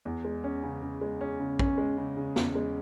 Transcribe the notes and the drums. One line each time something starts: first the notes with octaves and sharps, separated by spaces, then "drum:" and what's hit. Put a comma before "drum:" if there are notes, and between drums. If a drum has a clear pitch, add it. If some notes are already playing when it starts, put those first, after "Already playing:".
E2
G#3
C#4
C#3
C#3
G#3
C#4
C#3
C#4, drum: kick
G#3
C#3
C#3
E2, drum: snare
G#3